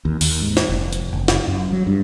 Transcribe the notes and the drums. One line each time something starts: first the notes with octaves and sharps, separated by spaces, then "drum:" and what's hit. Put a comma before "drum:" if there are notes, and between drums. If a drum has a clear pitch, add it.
D#2
D#2, drum: open hi-hat
G#2
drum: snare
F1
drum: hi-hat
F#1
drum: snare
F#2
F#3
G2